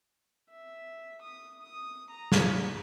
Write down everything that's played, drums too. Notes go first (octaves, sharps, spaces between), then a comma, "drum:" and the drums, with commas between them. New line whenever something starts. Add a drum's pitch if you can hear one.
E5
D#6
D#6
A#5
drum: snare